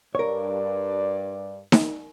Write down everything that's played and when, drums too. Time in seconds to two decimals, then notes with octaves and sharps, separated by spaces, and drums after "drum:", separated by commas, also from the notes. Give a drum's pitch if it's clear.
0.15 G2 A#4 C#5 D5
1.72 drum: snare D#4